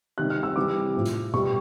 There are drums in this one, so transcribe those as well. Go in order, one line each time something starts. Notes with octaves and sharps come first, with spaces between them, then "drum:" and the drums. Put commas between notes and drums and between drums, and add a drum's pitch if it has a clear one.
C3 D#3 G3 F#6
F6
E6
C3 E3 G3 D6
A2 F3
drum: hi-hat
B2 G3 C#6, drum: tom A#2